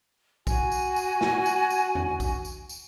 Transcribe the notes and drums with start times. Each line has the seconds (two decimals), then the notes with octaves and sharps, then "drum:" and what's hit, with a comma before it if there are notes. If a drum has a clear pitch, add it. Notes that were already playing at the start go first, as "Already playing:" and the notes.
0.47 F#4 G#5, drum: kick B1, tambourine
0.72 drum: tambourine
0.96 drum: tambourine
1.21 drum: snare
1.46 drum: tambourine
1.70 drum: tambourine
1.95 drum: tom E2
2.20 drum: kick B1, tambourine
2.45 drum: tambourine
2.69 drum: tambourine